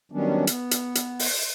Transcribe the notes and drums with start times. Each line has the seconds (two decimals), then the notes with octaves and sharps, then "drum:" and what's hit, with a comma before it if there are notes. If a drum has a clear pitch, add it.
0.12 D#3 F#3 G3 B3 C#4 D4
0.47 B3, drum: hi-hat
0.71 drum: hi-hat
0.95 drum: hi-hat
1.19 drum: open hi-hat